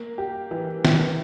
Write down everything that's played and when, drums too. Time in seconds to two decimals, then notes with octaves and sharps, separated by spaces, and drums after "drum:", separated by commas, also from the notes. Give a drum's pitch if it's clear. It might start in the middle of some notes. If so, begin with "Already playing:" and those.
Already playing: A#3
0.18 G4
0.51 E3
0.85 E4, drum: snare